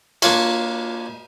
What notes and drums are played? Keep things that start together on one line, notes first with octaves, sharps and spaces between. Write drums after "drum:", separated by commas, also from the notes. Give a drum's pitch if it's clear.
A#3 D4 F4 C#5, drum: cymbal